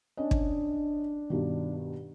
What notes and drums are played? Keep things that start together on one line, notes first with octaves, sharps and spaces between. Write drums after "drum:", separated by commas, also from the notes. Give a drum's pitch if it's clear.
C#4 D4 D#5
drum: kick
G2 B2 D#3